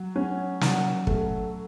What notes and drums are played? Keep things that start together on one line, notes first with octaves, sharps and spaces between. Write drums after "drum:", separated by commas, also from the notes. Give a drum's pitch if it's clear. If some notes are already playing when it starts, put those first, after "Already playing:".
Already playing: F#3
C#4
F#3, drum: snare
A3, drum: kick